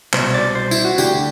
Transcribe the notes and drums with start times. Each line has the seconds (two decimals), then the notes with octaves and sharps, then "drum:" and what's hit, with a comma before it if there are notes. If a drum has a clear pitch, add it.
0.13 C2 B2 C5, drum: clap
0.34 D5
0.55 C5
0.71 E4, drum: tambourine
0.85 F#4
0.98 D2 D3 G4, drum: tambourine